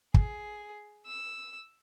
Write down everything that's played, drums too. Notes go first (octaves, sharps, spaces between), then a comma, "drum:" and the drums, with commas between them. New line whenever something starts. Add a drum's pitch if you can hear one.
G#4, drum: kick
E6